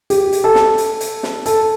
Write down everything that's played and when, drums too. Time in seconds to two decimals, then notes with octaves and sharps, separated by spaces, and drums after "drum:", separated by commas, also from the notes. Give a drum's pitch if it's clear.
0.10 G4, drum: hi-hat
0.33 drum: hi-hat
0.44 A4
0.55 drum: snare
0.78 drum: hi-hat
1.01 drum: hi-hat
1.23 drum: snare
1.46 A4, drum: hi-hat